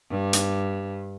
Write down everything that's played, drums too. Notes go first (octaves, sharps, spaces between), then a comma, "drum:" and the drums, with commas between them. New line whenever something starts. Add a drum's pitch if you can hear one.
G2
drum: hi-hat